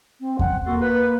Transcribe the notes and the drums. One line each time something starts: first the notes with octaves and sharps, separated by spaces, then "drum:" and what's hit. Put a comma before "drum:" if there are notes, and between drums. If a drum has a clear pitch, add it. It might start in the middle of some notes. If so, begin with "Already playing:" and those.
C4
F#5, drum: kick E2
A#3 F#4 A4 C6
B4